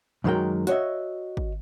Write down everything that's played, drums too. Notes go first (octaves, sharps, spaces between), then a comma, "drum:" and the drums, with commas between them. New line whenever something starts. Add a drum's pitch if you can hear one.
F#2 D#3 F#3 G#3 A#4 G5
F#4 C#5 D#5 E5, drum: hi-hat
drum: kick